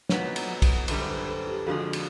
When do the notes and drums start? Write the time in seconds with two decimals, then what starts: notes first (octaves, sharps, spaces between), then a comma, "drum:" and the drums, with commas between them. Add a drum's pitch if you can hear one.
0.09 A#2 F#3 B3 D#4 B4 C#5, drum: snare
0.36 drum: cymbal
0.62 drum: kick B1, cymbal
0.88 F#2 D3 G3 A4 B4, drum: cymbal
1.00 C5
1.09 A4 B4
1.21 C5
1.27 A4 B4
1.47 G4 A4
1.67 F2 D3 F3 G#3 F#4 G#4
1.93 drum: cymbal